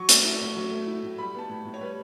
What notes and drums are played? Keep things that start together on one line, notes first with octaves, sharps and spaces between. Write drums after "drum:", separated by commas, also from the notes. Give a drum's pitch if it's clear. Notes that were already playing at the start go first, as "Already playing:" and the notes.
Already playing: F#3 C#6
A3, drum: hi-hat
E4
A2
F#3
A3
E4
A2
G3 B5
B3 A5
A2
A2
C#5
G3 B4